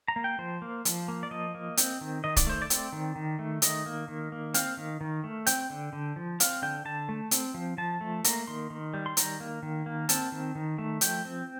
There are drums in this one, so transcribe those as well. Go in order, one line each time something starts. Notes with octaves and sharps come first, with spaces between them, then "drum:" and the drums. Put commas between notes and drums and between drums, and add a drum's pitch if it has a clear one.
A#5
A#3
G5
F3 C5
A#3
F3, drum: hi-hat
A#3
D5
F3 D#5
A#3
C4, drum: hi-hat
D#3
D#3 D#5
D5, drum: kick, hi-hat
A3 C5
D5
C4, drum: hi-hat
D#3
D#3
A3
D#3 D#5, drum: hi-hat
A#3
D#3
A#3
C4 F5, drum: hi-hat
D#3
D#3
A3
C4 G5, drum: hi-hat
D3
D3
F3
C4 F5, drum: hi-hat
D3 G5
D3 A5
A3
C4, drum: hi-hat
F3
F3 A5
A3
A#3 A#5, drum: hi-hat
D#3 C6
D#3
G3
C6
D#3 A#5, drum: hi-hat
A#3
D#3
A#3
C4 A5, drum: hi-hat
D#3
D#3
A3
F3 G5, drum: hi-hat
C4